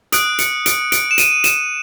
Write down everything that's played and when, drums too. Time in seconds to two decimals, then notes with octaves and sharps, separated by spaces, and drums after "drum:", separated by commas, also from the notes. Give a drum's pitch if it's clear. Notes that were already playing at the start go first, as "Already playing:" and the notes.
0.12 D#6 F#6 D7, drum: hi-hat
0.39 C#7, drum: hi-hat
0.66 D7, drum: hi-hat
0.92 D7, drum: hi-hat
1.11 E7
1.18 D#7, drum: hi-hat
1.44 E7, drum: hi-hat